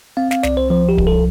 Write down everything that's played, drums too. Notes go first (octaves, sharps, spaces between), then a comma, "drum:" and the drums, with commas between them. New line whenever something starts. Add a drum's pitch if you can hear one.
C4 F5
F5, drum: snare
C2 D5, drum: snare
C5
F3 C5
G4
C2, drum: kick D1
A4